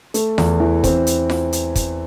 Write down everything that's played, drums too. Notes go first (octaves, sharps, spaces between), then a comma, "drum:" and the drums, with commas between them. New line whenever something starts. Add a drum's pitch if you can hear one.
A3, drum: hi-hat
E2, drum: snare F4
E3
C4, drum: kick, hi-hat
drum: hi-hat
drum: snare F4
drum: hi-hat
drum: kick, hi-hat